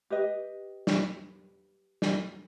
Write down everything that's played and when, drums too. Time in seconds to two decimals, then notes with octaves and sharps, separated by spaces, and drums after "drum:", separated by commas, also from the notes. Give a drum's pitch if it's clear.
0.10 G4 B4 D#5
0.87 drum: snare
2.02 drum: snare